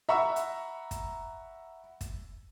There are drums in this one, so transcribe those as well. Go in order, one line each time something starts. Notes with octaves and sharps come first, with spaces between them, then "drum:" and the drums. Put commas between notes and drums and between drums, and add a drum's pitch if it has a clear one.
E5 F#5 A#5 B5 C#6 E6
drum: hi-hat
drum: kick, hi-hat
drum: kick, hi-hat